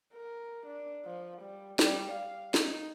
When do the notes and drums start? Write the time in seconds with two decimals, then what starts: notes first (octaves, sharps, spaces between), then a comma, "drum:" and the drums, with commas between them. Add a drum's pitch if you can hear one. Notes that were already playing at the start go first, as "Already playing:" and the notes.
0.14 A#4
0.66 D4
1.05 F3
1.41 G3
1.79 G3, drum: snare
2.11 F5
2.54 D#4, drum: snare